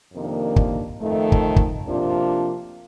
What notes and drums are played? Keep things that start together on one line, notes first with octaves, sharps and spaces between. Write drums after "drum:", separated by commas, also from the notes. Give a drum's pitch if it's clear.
F2 C3 D#3 A#3 D4
drum: kick
F2 D#3 A3
drum: kick
drum: kick
C3 F3 A#3 D4 F4